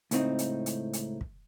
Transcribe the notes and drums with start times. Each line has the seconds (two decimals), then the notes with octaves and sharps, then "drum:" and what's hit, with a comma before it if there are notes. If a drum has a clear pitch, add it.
0.11 C#2 A2 C4 D#4, drum: hi-hat
0.39 drum: hi-hat
0.66 drum: hi-hat
0.93 drum: hi-hat
1.21 drum: kick